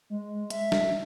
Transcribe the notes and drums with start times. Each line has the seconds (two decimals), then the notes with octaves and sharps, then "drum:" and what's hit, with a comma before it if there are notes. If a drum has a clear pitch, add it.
0.10 G#3
0.50 E5, drum: hi-hat
0.72 drum: snare